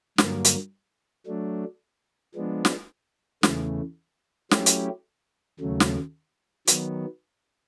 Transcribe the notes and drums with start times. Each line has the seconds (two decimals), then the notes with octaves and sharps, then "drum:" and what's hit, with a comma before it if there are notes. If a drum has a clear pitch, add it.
0.18 G2 D3 F#3 A#3, drum: snare
0.45 drum: hi-hat
1.26 F#3 A3 D4
2.35 F3 G#3 B3 D4
2.65 drum: snare
3.43 E2 C#3 E3 A3, drum: snare
4.51 F#3 A3 C#4 E4 G4, drum: snare
4.66 drum: hi-hat
5.59 D#2 C#3 F#3 A3
5.80 drum: snare
6.68 D#3 F#3 B3, drum: hi-hat